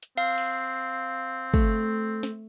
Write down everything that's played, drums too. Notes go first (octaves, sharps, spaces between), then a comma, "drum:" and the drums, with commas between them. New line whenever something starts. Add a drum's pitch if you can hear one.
drum: hi-hat
C4 F5, drum: cymbal
drum: open hi-hat
A3, drum: kick
drum: snare